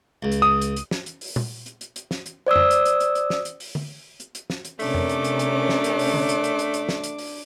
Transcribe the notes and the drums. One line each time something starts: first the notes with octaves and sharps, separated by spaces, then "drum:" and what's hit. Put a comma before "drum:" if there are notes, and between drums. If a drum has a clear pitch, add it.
C#2
drum: hi-hat
D#6
drum: hi-hat
drum: hi-hat
drum: snare
drum: hi-hat
drum: open hi-hat
drum: tom
drum: hi-hat
drum: hi-hat
drum: hi-hat
drum: snare
drum: hi-hat
C5 D5 D#6 E6
drum: tom F2
drum: hi-hat
drum: hi-hat
drum: hi-hat
drum: hi-hat
drum: snare
drum: hi-hat
drum: open hi-hat
drum: tom D3
drum: hi-hat
drum: hi-hat
drum: snare
drum: hi-hat
C3 A3 C#4 D4 A#4 D6, drum: open hi-hat
drum: tom F2
drum: hi-hat
drum: hi-hat
drum: hi-hat
drum: snare
drum: hi-hat
drum: open hi-hat
drum: tom D3
drum: hi-hat
drum: hi-hat
drum: hi-hat
drum: hi-hat
drum: snare
drum: hi-hat
drum: open hi-hat